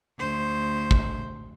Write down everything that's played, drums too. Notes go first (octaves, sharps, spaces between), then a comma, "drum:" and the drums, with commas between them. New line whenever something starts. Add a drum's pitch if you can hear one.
D2 C5
drum: kick